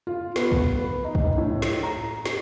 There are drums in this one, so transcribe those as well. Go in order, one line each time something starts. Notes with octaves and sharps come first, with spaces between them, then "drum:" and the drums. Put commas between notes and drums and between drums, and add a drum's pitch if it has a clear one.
F4
B3, drum: snare
drum: kick
B4
D#4
drum: kick
A2
drum: snare
A#5
drum: snare